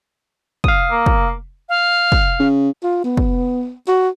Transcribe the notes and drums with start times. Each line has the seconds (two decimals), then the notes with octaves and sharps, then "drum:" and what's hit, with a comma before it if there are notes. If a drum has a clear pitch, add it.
0.64 F5 D#6, drum: kick
0.91 A#3
1.06 drum: kick
1.69 F5
2.12 drum: kick
2.40 C#3
2.83 F4
3.04 B3
3.17 drum: kick
3.88 F#4